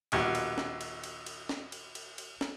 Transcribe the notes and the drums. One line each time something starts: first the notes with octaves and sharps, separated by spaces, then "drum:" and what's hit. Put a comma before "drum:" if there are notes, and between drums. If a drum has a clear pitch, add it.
A#1 D#2 B2 G3, drum: cymbal
drum: cymbal
drum: snare
drum: cymbal
drum: cymbal
drum: cymbal
drum: snare
drum: cymbal
drum: cymbal
drum: cymbal
drum: snare